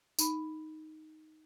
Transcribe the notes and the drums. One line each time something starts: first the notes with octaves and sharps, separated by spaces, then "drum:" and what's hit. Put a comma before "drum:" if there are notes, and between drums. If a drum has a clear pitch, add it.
D#4 B5, drum: tambourine